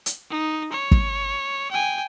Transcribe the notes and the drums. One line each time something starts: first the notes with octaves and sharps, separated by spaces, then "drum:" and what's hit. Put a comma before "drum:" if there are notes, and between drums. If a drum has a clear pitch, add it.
drum: hi-hat
D#4
C#5
drum: kick
G5 G#5